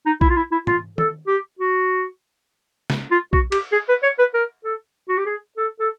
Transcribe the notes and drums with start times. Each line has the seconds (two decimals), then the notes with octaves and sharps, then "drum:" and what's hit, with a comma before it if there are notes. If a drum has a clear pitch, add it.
0.06 D#4
0.21 E4, drum: kick A#1
0.30 F4
0.37 E4
0.52 E4
0.67 F4, drum: tom
0.98 A4, drum: tom
1.28 G4
1.59 F#4
2.90 drum: snare
3.11 F4
3.33 F#4, drum: kick A#1
3.52 G4, drum: cymbal
3.73 G#4
3.89 B4
4.03 C#5
4.19 B4
4.34 A#4
4.65 A4
5.09 F#4
5.18 G4
5.26 G#4
5.57 A4
5.80 A4